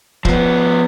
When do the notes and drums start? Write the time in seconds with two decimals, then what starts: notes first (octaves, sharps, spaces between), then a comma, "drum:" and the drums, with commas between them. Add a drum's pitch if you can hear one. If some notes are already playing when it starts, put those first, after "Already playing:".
0.25 F3 B3, drum: kick